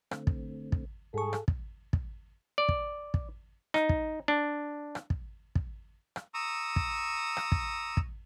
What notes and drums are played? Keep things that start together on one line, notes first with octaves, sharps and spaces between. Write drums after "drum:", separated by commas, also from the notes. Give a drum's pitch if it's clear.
D3 A3 C4, drum: rim click
drum: kick
drum: kick
G#2 G3 G#4 A4 C#6
drum: rim click
drum: kick
drum: kick
D5
drum: kick
drum: kick
D#4, drum: rim click
drum: kick
D4
drum: rim click
drum: kick
drum: kick
drum: rim click
A#5 C#6 D#6 E6
drum: kick
drum: rim click
drum: kick
drum: kick